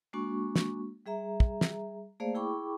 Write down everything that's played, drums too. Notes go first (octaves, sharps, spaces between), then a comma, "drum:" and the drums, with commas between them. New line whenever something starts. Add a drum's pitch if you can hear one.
G#3 A#3 D4 F#4 C#6
drum: snare
G3 G#4 E5 A#5
drum: kick
drum: snare
A3 A#3 G#4 C5 D5 F5
E4 G#4 G5 B5 C#6 D6